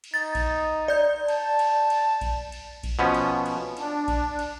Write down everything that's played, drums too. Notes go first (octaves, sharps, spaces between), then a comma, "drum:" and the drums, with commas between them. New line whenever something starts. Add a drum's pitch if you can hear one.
drum: cymbal
D#4 A6
drum: kick A#1, cymbal
D5 G6
A5, drum: cymbal
drum: cymbal
drum: cymbal
drum: kick A#1, cymbal
drum: cymbal
drum: kick A#1, cymbal
B2 F3 B3 C#4
drum: cymbal
drum: cymbal
D4, drum: cymbal
drum: kick A#1, cymbal
drum: cymbal